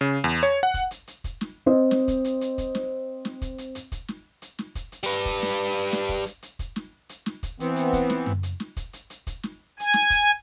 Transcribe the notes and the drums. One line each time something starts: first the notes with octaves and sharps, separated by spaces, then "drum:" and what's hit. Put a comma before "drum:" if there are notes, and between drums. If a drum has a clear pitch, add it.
C#3
E2
C#5, drum: hi-hat
F#5
drum: kick, hi-hat
drum: hi-hat
drum: hi-hat
drum: kick, hi-hat
drum: snare
C4 C5 D#5
drum: snare
drum: kick, hi-hat
drum: hi-hat
drum: hi-hat
drum: kick, hi-hat
drum: snare
drum: snare
drum: kick, hi-hat
drum: hi-hat
drum: hi-hat
drum: kick, hi-hat
drum: snare
drum: hi-hat
drum: snare
drum: kick, hi-hat
drum: hi-hat
G3 B4
drum: kick, hi-hat
drum: snare
drum: hi-hat
drum: snare
drum: kick
drum: hi-hat
drum: hi-hat
drum: kick, hi-hat
drum: snare
drum: hi-hat
drum: snare
drum: kick, hi-hat
E3 B3 C4, drum: hi-hat
drum: hi-hat
drum: kick, hi-hat
drum: snare
drum: tom F#2
drum: hi-hat
drum: snare
drum: kick, hi-hat
drum: hi-hat
drum: hi-hat
drum: kick, hi-hat
drum: snare
G#5, drum: hi-hat
drum: snare
drum: kick, hi-hat